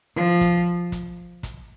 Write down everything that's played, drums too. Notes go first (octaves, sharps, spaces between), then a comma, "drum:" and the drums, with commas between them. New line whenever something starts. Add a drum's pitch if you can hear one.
F3
drum: kick, hi-hat
drum: kick, hi-hat
drum: kick, hi-hat